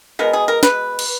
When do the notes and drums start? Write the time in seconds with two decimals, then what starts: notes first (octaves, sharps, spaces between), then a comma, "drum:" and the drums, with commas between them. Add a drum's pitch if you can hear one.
0.19 B2 G#3 B3 A#4
0.33 G#4
0.48 A#4
0.63 B4, drum: snare
0.99 drum: cymbal